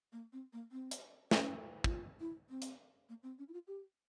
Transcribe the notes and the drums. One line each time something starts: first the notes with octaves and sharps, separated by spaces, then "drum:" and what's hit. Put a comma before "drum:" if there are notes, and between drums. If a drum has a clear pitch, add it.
A#3
C4
A#3
C4
drum: hi-hat
C#4, drum: snare
E4, drum: kick
F4
E4
C4
drum: hi-hat
A#3
C4
C#4
E4
F4
G4